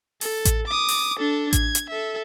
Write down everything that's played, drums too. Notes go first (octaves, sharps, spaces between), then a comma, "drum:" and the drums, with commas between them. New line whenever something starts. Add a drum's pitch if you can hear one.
A4, drum: open hi-hat
drum: kick A1, hi-hat
D6 D#6
drum: open hi-hat
D4 A4
G#6, drum: kick A1, hi-hat
drum: hi-hat
A4 E5